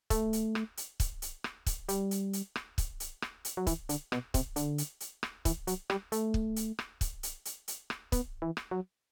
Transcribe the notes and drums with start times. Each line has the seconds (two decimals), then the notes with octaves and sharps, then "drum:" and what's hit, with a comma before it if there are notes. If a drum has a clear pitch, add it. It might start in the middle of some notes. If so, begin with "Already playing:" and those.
0.10 A3, drum: kick, hi-hat
0.33 drum: hi-hat
0.55 drum: rim click
0.77 drum: hi-hat
1.00 drum: kick, hi-hat
1.22 drum: hi-hat
1.44 drum: rim click
1.66 drum: kick, hi-hat
1.89 G3, drum: hi-hat
2.11 drum: hi-hat
2.33 drum: hi-hat
2.56 drum: rim click
2.78 drum: kick, hi-hat
3.00 drum: hi-hat
3.22 drum: rim click
3.45 drum: hi-hat
3.57 F#3
3.67 E3, drum: kick, hi-hat
3.89 D3, drum: hi-hat
4.12 B2, drum: rim click
4.34 C3, drum: kick, hi-hat
4.56 D3, drum: hi-hat
4.78 drum: hi-hat
5.00 drum: hi-hat
5.23 drum: rim click
5.45 E3, drum: kick, hi-hat
5.67 F#3, drum: hi-hat
5.90 G3, drum: rim click
6.12 A3, drum: hi-hat
6.34 drum: kick
6.56 drum: hi-hat
6.79 drum: rim click
7.01 drum: kick, hi-hat
7.23 drum: hi-hat
7.45 drum: hi-hat
7.68 drum: hi-hat
7.90 drum: rim click
8.12 B3, drum: kick, hi-hat
8.42 E3
8.57 drum: rim click
8.71 F#3